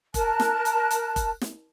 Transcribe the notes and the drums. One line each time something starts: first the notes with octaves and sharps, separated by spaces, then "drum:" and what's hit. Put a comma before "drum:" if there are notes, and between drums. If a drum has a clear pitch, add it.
A#4 A5 F#6, drum: kick F1, hi-hat
drum: snare
drum: hi-hat
drum: hi-hat
drum: kick F1, hi-hat
drum: snare